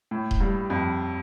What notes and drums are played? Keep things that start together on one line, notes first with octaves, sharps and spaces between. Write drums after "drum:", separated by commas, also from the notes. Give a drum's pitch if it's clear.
A2
drum: kick D#1
G2
F2